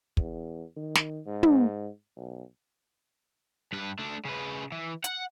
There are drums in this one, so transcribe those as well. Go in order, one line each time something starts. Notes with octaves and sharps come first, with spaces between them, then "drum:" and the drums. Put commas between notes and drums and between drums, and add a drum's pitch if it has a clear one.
E2, drum: kick
D#3
drum: snare
G#2
drum: tom
B1
G2 B4
A3 D4
C#3 B4
E3
F#5, drum: hi-hat